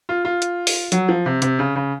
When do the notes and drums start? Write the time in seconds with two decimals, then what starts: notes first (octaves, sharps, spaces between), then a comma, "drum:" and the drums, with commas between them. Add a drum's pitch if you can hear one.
0.09 F4
0.25 F4
0.42 drum: hi-hat
0.67 drum: open hi-hat
0.92 F#3, drum: hi-hat
1.09 F3
1.26 C3
1.42 C3, drum: hi-hat
1.59 C#3
1.76 C#3